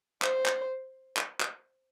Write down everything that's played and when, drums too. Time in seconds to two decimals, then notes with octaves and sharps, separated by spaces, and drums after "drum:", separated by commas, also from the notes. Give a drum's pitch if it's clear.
0.22 C5, drum: clap
0.46 drum: clap
1.17 drum: clap
1.41 drum: clap